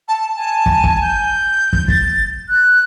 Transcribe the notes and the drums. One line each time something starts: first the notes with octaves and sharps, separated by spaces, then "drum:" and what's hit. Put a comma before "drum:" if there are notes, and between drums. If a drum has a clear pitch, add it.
A5
G#5 A5
drum: kick
drum: kick
G6
drum: kick
A6, drum: kick
F#6